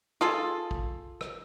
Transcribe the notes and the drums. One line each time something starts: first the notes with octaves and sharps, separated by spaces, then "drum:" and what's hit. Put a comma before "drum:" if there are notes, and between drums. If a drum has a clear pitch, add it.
F4 G#4 A4, drum: rim click
drum: kick
drum: rim click